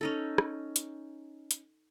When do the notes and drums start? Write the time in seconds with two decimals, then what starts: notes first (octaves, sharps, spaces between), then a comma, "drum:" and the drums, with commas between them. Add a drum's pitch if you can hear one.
0.01 C#4 D#4 A4
0.38 drum: rim click
0.76 drum: hi-hat
1.51 drum: hi-hat